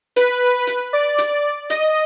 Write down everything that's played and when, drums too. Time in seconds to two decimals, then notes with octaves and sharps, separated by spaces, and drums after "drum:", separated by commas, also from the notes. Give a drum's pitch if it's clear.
0.16 B4, drum: hi-hat
0.67 drum: hi-hat
0.93 D5
1.18 drum: hi-hat
1.70 D#5, drum: hi-hat